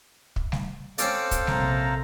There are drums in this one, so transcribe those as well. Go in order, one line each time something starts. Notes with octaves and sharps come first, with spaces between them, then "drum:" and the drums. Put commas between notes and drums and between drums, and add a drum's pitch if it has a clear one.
drum: kick
drum: snare G3
C4 C#4 A4 C5 D5 F5, drum: hi-hat
drum: kick, hi-hat
A#1 C3 A#5, drum: snare G3